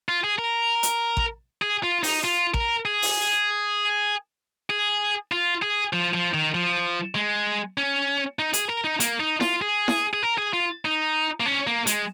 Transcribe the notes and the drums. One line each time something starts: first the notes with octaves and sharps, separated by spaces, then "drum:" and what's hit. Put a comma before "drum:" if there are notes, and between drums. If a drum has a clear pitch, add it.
F4
G#4
A#4
drum: hi-hat
drum: kick
G#4
F4
D#4, drum: open hi-hat
F4
A#4, drum: kick
G#4
drum: open hi-hat
G#4
F4
G#4
F3
F3
D#3
F3
G#3
C#4
D#4
G#4, drum: hi-hat
A#4
D#4
A#3, drum: hi-hat
D#4
F4, drum: snare E4
G#4
drum: snare E4
G#4
A#4
G#4
F4
D#4
A#3
C#4
A#3
G#3, drum: hi-hat